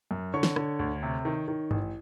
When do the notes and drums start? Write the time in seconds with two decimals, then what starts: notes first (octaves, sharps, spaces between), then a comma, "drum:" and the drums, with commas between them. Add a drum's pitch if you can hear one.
0.11 F#2
0.34 D3 C#5 C#6
0.43 drum: snare
0.56 D3, drum: rim click
0.79 D2
1.03 C3
1.25 D#3
1.48 D#3
1.71 A1, drum: tom G2